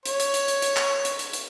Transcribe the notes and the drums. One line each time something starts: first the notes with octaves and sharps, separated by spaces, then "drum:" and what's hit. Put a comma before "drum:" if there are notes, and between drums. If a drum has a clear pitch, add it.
C#5, drum: hi-hat
drum: hi-hat
drum: hi-hat
drum: hi-hat
drum: hi-hat
drum: clap
drum: hi-hat
drum: hi-hat
drum: hi-hat